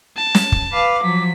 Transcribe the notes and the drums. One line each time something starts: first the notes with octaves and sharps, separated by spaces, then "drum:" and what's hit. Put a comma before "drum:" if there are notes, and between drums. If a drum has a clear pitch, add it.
A5
drum: snare
drum: kick
B4 F5 D6
F3 F#3 B6